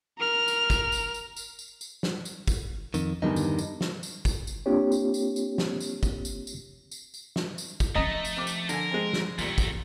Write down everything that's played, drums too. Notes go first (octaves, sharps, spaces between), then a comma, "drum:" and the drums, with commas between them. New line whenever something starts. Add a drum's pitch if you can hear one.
A#4 F6
drum: tambourine
drum: kick, tambourine
drum: tambourine
drum: tambourine
drum: tambourine
drum: tambourine
drum: tambourine
drum: snare
drum: tambourine
drum: kick, tambourine
F2 D#3, drum: tambourine
E2 G2 D3 D#3 D#4
drum: tambourine
drum: tambourine
drum: snare
drum: tambourine
drum: kick, tambourine
drum: tambourine
A#3 C4 D4 F4 G4 C#5
drum: tambourine
drum: tambourine
drum: tambourine
drum: snare
drum: tambourine
drum: kick, tambourine
drum: tambourine
drum: tambourine
drum: tambourine
drum: tambourine
drum: snare
drum: tambourine
drum: kick, tambourine
F3 A3 C#4 D#5 A#5
drum: tambourine
C3 D6
drum: tambourine
D3 A#4 G#5, drum: tambourine
G#3 C4
drum: snare
F2 A#2 E3 G3 A3, drum: tambourine
drum: kick, tambourine